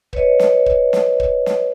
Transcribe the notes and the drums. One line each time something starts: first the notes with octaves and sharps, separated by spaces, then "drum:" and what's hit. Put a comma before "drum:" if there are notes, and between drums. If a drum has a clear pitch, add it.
B4 C#5 D#5, drum: kick
drum: snare
drum: kick
drum: snare
drum: kick
drum: snare